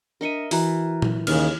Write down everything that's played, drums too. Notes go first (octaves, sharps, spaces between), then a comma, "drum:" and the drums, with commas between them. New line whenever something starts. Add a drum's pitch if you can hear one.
D4 A#4 D#5 E5 C#7 D#7
E3 F#4 A#5, drum: open hi-hat
drum: tom
D#2 C#3 F6, drum: cymbal